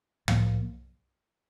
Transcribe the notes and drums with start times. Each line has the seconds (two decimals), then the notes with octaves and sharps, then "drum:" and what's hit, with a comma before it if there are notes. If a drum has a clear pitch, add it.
0.28 A2 F3 A#3, drum: tom